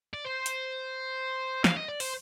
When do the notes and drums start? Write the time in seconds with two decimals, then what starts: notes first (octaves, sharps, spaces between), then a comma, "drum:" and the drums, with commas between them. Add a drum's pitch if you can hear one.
0.14 D5
0.25 C5
0.46 drum: hi-hat
1.64 F5, drum: snare
1.76 D#5
1.88 D5
2.00 C5, drum: open hi-hat